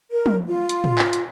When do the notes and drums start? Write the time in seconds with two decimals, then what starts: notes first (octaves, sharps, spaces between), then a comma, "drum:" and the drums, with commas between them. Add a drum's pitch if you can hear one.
0.11 A#4
0.26 drum: tom
0.48 F4
0.69 drum: hi-hat
0.84 drum: tom
0.98 drum: clap
1.13 drum: hi-hat